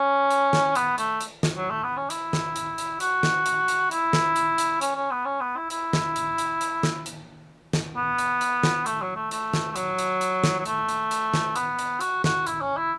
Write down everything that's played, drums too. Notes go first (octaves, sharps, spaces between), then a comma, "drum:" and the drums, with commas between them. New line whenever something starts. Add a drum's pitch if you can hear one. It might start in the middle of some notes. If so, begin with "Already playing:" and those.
Already playing: C#4
drum: hi-hat
drum: snare
B3, drum: hi-hat
A3, drum: hi-hat
drum: hi-hat
drum: snare
F#3
A3
B3
C#4
E4, drum: hi-hat
drum: snare
drum: hi-hat
drum: hi-hat
F#4, drum: hi-hat
drum: snare
drum: hi-hat
drum: hi-hat
E4, drum: hi-hat
drum: snare
drum: hi-hat
drum: hi-hat
C#4, drum: hi-hat
C#4
B3
C#4
B3
E4
E4, drum: hi-hat
drum: snare
drum: hi-hat
drum: hi-hat
drum: hi-hat
drum: snare
drum: hi-hat
drum: snare
B3
drum: hi-hat
drum: hi-hat
drum: snare
A3, drum: hi-hat
F#3
A3
A3, drum: hi-hat
drum: snare
A3
F#3, drum: hi-hat
drum: hi-hat
drum: hi-hat
drum: snare
F#3
A3, drum: hi-hat
drum: hi-hat
drum: hi-hat
drum: snare
B3, drum: hi-hat
drum: hi-hat
F#4, drum: hi-hat
F#4, drum: snare
E4, drum: hi-hat
C#4
E4